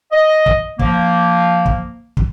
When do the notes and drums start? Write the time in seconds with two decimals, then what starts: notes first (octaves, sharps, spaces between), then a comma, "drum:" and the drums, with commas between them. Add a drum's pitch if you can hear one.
0.12 D#5
0.46 drum: kick
0.79 F3 A#3, drum: kick
1.66 drum: kick
2.17 drum: kick